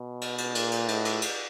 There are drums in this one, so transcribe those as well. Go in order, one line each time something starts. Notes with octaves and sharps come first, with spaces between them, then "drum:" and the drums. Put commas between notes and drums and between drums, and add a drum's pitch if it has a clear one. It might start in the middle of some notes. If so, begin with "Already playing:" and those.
Already playing: B2
drum: cymbal
drum: cymbal
A#2, drum: cymbal
drum: cymbal
A2, drum: cymbal
drum: cymbal
drum: cymbal